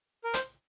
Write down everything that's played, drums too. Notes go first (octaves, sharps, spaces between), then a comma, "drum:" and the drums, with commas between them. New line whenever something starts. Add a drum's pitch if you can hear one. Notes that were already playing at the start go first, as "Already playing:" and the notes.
A#4
C5, drum: hi-hat